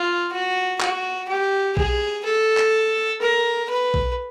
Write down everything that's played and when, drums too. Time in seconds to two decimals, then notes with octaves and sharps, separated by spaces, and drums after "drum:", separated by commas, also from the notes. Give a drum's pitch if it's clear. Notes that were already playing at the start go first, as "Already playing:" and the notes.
Already playing: F4
0.32 F#4
0.80 F#4, drum: clap
1.28 G4
1.77 G#4, drum: kick B1
2.25 A4
2.57 drum: clap
3.21 A#4
3.70 B4
3.94 drum: kick B1